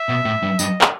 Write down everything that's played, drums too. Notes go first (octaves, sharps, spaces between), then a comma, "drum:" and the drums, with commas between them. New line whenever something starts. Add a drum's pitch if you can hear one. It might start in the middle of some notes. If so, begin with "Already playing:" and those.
Already playing: E5
B2
A2
G2
G2 D#5, drum: tambourine
drum: clap